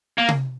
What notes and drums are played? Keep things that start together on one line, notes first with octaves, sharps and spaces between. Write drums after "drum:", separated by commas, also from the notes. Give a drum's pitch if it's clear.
A#3
drum: tom C3